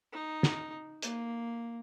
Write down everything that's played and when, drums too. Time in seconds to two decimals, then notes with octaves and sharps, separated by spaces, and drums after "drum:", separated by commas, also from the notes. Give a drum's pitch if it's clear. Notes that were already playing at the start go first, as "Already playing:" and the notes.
0.13 D#4
0.43 drum: snare
1.02 A#3, drum: hi-hat